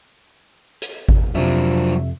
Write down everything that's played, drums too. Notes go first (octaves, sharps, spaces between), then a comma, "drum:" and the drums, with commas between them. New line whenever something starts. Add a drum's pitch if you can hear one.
drum: hi-hat
drum: kick G#1
F2 C3 F3 F#3 D4 E5